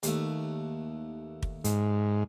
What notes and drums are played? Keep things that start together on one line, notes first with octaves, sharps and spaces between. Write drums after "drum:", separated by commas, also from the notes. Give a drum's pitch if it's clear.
D#2 A3, drum: hi-hat
drum: kick
G#2, drum: hi-hat